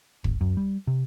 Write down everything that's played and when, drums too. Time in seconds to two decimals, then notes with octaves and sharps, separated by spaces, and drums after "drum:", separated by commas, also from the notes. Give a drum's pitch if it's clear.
0.24 G#1, drum: kick
0.41 F#2
0.57 G3
0.87 C3